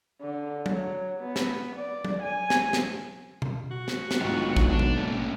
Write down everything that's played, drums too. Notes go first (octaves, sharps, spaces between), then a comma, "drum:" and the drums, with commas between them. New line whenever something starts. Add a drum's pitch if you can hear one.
D3
F#3, drum: tom F#3
B3
drum: snare
D5
drum: tom F#3
G#5
drum: snare
drum: snare
drum: tom B2
F#4
drum: snare
drum: snare
B1 G#2 D#3 D4 F4 C#6
drum: kick A#1
D4
drum: tom B2
A3 A#3 C#4